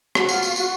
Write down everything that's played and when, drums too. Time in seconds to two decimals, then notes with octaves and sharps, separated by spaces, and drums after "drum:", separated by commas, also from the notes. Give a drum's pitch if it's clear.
0.15 F#4, drum: rim click
0.29 F4, drum: tambourine
0.42 F4, drum: tambourine
0.56 F#4, drum: tambourine